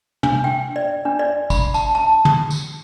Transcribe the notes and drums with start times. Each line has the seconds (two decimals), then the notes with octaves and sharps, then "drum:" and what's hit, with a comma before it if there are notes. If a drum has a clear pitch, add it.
0.23 D4, drum: tom
0.44 G5
0.76 D5
1.05 D4
1.19 D5
1.50 B5, drum: kick, tambourine
1.74 A5, drum: tambourine
1.95 A5
2.25 drum: tom
2.51 drum: tambourine